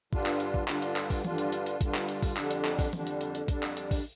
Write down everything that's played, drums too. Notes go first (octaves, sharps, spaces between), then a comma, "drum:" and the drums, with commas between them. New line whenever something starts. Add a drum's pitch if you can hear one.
G2 D3 G3 D4 F4, drum: kick A1
drum: clap
drum: hi-hat
drum: kick A1
G2 D3 G3 D4 F4, drum: clap
drum: hi-hat
drum: clap
drum: kick A1, open hi-hat
G2 D3 G3 D4 F4, drum: tom E3
drum: hi-hat
drum: hi-hat
drum: hi-hat
G2 D3 G3 D4 F4, drum: kick A1, hi-hat
drum: clap
drum: hi-hat
drum: kick A1, open hi-hat
F2 D3 G3 D4, drum: clap
drum: hi-hat
drum: clap
drum: kick A1, open hi-hat
F2 D3 G3 D4, drum: tom E3
drum: hi-hat
drum: hi-hat
drum: hi-hat
F2 D3 G3 D4, drum: kick A1, hi-hat
drum: clap
drum: hi-hat
drum: kick A1, open hi-hat